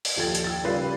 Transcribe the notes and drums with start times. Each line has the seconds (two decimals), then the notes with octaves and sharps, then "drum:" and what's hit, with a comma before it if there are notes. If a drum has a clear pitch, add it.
0.05 drum: open hi-hat
0.16 D#1 F3 A4 G5 G#6 A6
0.35 drum: hi-hat
0.44 G5 E6 A6
0.64 C#3 G3 F4 B4 D5 C7